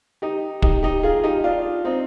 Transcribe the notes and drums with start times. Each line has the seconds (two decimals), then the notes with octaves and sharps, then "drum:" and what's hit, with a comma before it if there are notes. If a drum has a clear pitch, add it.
0.22 D#4 G4
0.62 D#4 G4, drum: kick
0.83 D#4 G4
1.03 F4 G#4
1.24 D#4 G4
1.44 D4 F4
1.85 C4 D#4